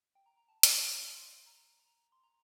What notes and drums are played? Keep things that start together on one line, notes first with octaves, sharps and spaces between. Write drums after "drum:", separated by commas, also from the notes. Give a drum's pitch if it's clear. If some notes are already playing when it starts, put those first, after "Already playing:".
G5
A#5
A#5
A5
drum: hi-hat
G5
F5
C6
A#5
A#5
C6
A#5